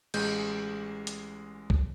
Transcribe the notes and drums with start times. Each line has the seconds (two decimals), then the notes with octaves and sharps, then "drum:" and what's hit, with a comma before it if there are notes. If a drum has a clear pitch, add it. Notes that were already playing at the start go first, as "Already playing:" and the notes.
0.14 A1 G#3 G6, drum: cymbal
1.07 drum: hi-hat
1.70 drum: kick C#2